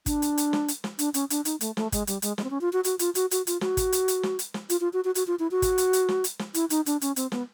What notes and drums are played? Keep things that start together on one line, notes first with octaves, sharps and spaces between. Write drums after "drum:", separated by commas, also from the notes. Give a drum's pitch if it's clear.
D4, drum: kick, hi-hat
drum: hi-hat
drum: hi-hat
drum: snare
drum: hi-hat
drum: snare
D4, drum: hi-hat
C#4, drum: hi-hat
D4, drum: hi-hat
D#4, drum: hi-hat
A3, drum: hi-hat
A3, drum: snare
G#3, drum: kick, hi-hat
G3, drum: hi-hat
G#3, drum: hi-hat
G#3, drum: snare
C4
C#4
F4
F#4
F#4, drum: hi-hat
F4, drum: hi-hat
F#4, drum: hi-hat
F#4, drum: hi-hat
F4, drum: hi-hat
F#4, drum: snare
drum: kick, hi-hat
drum: hi-hat
drum: hi-hat
drum: snare
drum: hi-hat
drum: snare
F4, drum: hi-hat
F4
F#4
F#4
F#4, drum: hi-hat
F4
E4
F#4
drum: kick, hi-hat
drum: hi-hat
drum: hi-hat
drum: snare
drum: hi-hat
drum: snare
E4, drum: hi-hat
D#4, drum: hi-hat
D4, drum: hi-hat
C#4, drum: hi-hat
C4, drum: hi-hat
B3, drum: snare